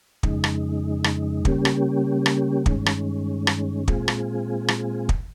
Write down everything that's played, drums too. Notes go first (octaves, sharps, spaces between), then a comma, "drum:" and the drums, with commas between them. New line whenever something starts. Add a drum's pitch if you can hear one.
F2 C#3 G#3 D#4, drum: kick
drum: rim click
drum: rim click
C#3 G3 A#3 C#4 G4, drum: kick
drum: rim click
drum: rim click
G2 D#3 G#3 C#4, drum: kick
drum: rim click
drum: rim click
A#2 G#3 C4 F4 G#4, drum: kick
drum: rim click
drum: rim click
drum: kick